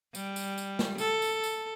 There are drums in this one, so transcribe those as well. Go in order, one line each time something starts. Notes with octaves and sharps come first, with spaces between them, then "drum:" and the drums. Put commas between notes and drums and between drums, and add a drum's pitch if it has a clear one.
G3, drum: tambourine
drum: tambourine
drum: tambourine
drum: snare
A4, drum: tambourine
drum: tambourine
drum: tambourine